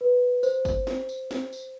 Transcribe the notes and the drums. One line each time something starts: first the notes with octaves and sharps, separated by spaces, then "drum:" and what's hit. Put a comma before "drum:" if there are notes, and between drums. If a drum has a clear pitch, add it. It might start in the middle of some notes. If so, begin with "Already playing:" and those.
B4
C5, drum: tambourine
drum: kick G1, tambourine
drum: snare
drum: tambourine
drum: snare
drum: tambourine